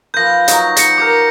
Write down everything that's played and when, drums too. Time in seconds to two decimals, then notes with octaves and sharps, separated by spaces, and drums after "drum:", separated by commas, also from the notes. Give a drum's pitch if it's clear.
0.14 F3 B4 G6 A#6
0.48 F#3 D#4, drum: hi-hat
0.77 A#6 C#7, drum: hi-hat
0.98 G4 A#4 D6 G6